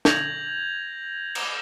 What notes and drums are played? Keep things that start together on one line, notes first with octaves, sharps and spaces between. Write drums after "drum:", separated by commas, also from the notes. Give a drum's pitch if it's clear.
G6 G#6 A#6 F7 F#7, drum: snare
drum: cymbal